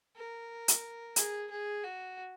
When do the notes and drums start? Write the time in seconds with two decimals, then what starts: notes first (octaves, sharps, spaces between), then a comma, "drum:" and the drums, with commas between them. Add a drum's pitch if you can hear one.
0.16 A#4
0.68 drum: hi-hat
1.16 G#4, drum: hi-hat
1.50 G#4
1.84 F#4